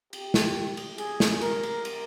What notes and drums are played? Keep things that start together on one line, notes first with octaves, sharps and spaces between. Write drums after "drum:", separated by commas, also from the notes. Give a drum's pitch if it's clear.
G4, drum: cymbal
drum: snare
drum: cymbal
G#4, drum: cymbal
drum: snare
A#4, drum: cymbal
drum: cymbal
drum: cymbal